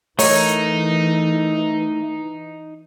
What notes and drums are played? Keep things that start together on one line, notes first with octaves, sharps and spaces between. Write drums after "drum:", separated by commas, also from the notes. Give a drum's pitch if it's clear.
E3 A3 D#4 A#4 C#5, drum: open hi-hat